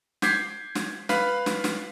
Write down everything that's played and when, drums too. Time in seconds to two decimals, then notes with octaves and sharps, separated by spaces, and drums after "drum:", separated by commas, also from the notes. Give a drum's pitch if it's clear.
0.22 D6 G6 G#6 B6 C7, drum: snare
0.75 drum: snare
1.09 B4 F5 B5 B6, drum: snare
1.46 drum: snare
1.64 drum: snare